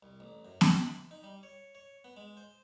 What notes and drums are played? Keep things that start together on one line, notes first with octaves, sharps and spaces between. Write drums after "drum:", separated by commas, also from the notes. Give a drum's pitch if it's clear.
C2
A1
F#2
E4, drum: snare B3
B5
D#4
G3
C#5
C#5
B3
G#3
C5